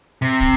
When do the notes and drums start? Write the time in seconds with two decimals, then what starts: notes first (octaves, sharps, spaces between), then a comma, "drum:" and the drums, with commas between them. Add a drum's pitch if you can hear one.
0.22 C3
0.40 drum: kick